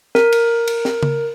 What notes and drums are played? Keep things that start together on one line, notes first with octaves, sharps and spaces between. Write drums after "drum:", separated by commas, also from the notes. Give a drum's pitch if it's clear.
A#4, drum: snare
drum: cymbal
drum: cymbal
drum: snare
drum: tom C#3